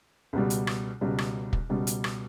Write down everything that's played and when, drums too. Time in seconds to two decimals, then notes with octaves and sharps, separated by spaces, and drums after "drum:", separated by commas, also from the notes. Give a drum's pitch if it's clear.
0.33 C#2 B2 G3
0.50 drum: hi-hat
0.67 drum: rim click
1.01 C#2 B2 G3
1.18 drum: rim click
1.53 drum: kick
1.69 C#2 B2 G3
1.87 drum: hi-hat
2.04 drum: rim click